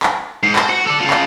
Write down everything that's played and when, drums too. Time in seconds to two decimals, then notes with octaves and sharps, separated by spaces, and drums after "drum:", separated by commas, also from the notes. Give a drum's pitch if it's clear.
0.03 drum: clap
0.43 G#2 C7
0.56 C5, drum: clap
0.70 F#4
0.87 A4 D5
1.01 C#3 F4
1.10 drum: clap